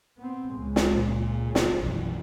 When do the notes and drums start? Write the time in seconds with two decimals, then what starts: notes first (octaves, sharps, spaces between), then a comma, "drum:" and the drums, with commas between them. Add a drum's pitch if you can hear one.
0.18 B3 C4
0.53 C#2 G#3
0.76 drum: snare
0.95 A#2
1.46 C#3
1.55 drum: snare
1.81 B1 F#2 E3 F3